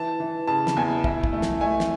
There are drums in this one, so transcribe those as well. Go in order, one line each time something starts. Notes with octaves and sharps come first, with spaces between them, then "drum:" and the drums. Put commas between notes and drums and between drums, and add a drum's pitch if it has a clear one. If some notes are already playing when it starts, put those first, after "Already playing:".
Already playing: E3 A5
E3
C#3 A5
drum: snare
E2 G#5
E4, drum: kick
drum: kick
A3
drum: snare
A3 G#5
drum: snare